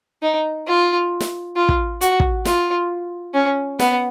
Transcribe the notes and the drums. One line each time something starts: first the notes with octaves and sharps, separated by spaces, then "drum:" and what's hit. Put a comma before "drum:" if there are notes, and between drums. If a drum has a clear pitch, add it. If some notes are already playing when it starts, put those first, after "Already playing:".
D#4
F4
drum: snare
F4
drum: kick
F#4, drum: hi-hat
drum: kick
F4, drum: snare
C#4
B3, drum: snare